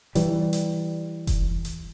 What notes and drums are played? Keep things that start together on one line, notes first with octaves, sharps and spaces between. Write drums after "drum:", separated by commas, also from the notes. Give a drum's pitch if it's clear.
E3 G3, drum: hi-hat
drum: hi-hat
drum: kick F1, hi-hat
drum: hi-hat